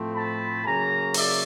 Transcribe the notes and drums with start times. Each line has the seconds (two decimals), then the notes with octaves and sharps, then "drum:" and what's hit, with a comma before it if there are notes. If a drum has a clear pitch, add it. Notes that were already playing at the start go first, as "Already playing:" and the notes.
Already playing: A2 F3 A3 C4
0.14 A5 B5
0.63 C#3 F#3 A#3 G#5 A#5
1.14 D5 E5, drum: open hi-hat